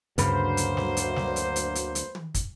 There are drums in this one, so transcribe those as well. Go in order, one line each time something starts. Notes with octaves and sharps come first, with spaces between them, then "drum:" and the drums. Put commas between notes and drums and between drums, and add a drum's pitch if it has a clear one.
D2 G2 C#3 F#3 A#3 B4 C5 B5, drum: hi-hat
drum: hi-hat
drum: snare
drum: hi-hat
drum: snare
drum: hi-hat
drum: hi-hat
drum: hi-hat
drum: hi-hat
drum: tom
drum: kick, hi-hat